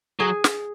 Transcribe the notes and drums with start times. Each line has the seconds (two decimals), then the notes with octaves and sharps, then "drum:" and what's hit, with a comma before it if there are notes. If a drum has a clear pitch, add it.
0.19 F#3 G#4
0.44 drum: snare